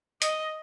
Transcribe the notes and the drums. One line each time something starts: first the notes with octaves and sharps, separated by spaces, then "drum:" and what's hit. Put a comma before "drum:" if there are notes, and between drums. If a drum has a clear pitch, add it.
D#5, drum: hi-hat